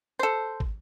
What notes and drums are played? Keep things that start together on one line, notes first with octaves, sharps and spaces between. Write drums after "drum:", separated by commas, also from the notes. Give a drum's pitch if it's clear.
A4 C5
drum: kick